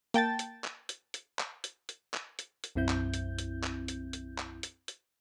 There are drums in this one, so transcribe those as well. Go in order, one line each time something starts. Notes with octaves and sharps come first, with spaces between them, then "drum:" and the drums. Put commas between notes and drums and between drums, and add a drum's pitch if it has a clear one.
A#3 G5 A5 A6, drum: hi-hat
drum: hi-hat
drum: clap
drum: hi-hat
drum: hi-hat
drum: clap
drum: hi-hat
drum: hi-hat
drum: clap
drum: hi-hat
drum: hi-hat
B1 F#2 C4 E4 G6
drum: clap
drum: hi-hat
drum: hi-hat
drum: clap
drum: hi-hat
drum: hi-hat
drum: clap
drum: hi-hat
drum: hi-hat